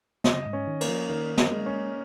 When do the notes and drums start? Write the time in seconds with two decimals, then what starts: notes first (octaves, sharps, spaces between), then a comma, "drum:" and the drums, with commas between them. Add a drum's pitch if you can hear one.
0.24 C#3 D#5, drum: snare
0.46 G#2
0.53 C#4
0.67 D#3
0.81 A#3, drum: cymbal
0.88 F3
1.09 D#3 A#4
1.37 D#5, drum: snare
1.52 G#3
1.66 C#4